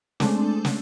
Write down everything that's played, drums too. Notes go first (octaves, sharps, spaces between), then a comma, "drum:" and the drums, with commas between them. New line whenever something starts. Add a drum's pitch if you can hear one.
G#3 A3 C4 D4, drum: snare
drum: snare